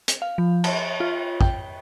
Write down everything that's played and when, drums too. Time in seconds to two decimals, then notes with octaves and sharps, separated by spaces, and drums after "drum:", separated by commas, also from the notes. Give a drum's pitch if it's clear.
0.08 drum: hi-hat
0.22 F5
0.38 F3
0.64 A5, drum: cymbal
1.00 F4
1.41 G5, drum: kick